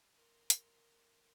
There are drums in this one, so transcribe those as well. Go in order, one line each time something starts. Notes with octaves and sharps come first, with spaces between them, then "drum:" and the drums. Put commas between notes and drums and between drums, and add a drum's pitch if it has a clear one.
A#4 C6
drum: hi-hat